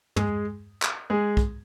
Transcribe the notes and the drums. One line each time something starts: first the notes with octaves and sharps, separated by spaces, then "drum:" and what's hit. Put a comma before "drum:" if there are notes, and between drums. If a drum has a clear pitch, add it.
G#3 G#4, drum: tom
drum: clap
G#3 G#4
drum: kick